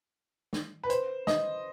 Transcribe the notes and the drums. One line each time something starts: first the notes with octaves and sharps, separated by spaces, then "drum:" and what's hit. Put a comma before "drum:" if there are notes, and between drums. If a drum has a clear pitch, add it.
drum: snare
B4
C5, drum: hi-hat
D#5, drum: snare